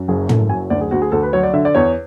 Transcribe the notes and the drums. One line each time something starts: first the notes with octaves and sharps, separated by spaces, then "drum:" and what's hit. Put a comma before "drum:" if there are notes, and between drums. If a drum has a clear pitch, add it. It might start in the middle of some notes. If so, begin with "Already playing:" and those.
Already playing: F#2
F#1 G#4
F#1 A4, drum: tom
F#3 G#5
D2 D5
G#4
D2 F#4
G#4
D2 A4
B4
F#3 C#5
D5
D3 E5
D5
E2 C#5